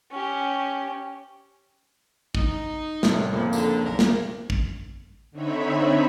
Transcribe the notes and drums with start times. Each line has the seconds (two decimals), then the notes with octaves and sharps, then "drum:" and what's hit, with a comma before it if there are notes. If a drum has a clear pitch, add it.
0.12 C#4 G4
2.35 D#4, drum: kick
3.03 C2 A2, drum: snare
3.33 F2 C#3 F3 A#3
3.53 D3, drum: tambourine
3.84 B1 G#2 A#4
3.99 A#3, drum: snare
4.50 drum: kick
5.31 D3 C4 D#4 C#5 E5 B5